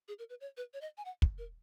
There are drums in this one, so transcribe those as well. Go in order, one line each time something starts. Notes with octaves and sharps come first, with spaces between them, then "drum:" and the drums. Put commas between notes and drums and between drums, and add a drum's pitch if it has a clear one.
G#4
A#4
B4
C#5
B4
C#5
D#5
G#5
F#5
drum: kick
A#4